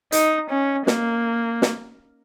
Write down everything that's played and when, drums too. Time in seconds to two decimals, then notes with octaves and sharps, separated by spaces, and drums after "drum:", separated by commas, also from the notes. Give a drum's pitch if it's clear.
0.12 D#4, drum: hi-hat
0.50 C#4
0.87 A#3, drum: snare
1.62 drum: snare